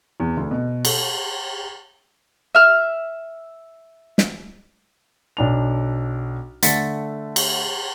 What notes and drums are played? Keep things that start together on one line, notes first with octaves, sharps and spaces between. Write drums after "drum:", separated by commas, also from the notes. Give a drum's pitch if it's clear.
E2
D2
B2
A4, drum: cymbal
E5 F6
drum: snare
B1 D4 F7
D3 A3 A6 B6 C#7, drum: hi-hat
drum: cymbal